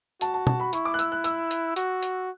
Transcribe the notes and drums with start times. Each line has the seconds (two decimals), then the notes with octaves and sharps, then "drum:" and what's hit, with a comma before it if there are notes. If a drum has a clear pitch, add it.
0.21 F#4 A5, drum: hi-hat
0.34 A5
0.47 A5, drum: tom
0.60 B5
0.73 E4 C#6, drum: hi-hat
0.85 D6
0.94 F#6
0.99 E6, drum: hi-hat
1.12 F#6
1.24 E6, drum: hi-hat
1.51 drum: hi-hat
1.76 F#4, drum: hi-hat
2.02 drum: hi-hat